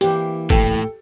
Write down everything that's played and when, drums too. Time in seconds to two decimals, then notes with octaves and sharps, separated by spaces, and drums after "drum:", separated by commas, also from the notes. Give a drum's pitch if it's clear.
0.01 E3 A#3 G4, drum: hi-hat
0.50 A2 A4 G5, drum: kick